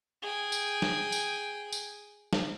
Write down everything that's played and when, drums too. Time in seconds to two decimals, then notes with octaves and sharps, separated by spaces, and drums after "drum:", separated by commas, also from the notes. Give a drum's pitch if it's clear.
0.22 G#4 G5
0.52 drum: tambourine
0.82 drum: snare
1.12 drum: tambourine
1.72 drum: tambourine
2.33 drum: snare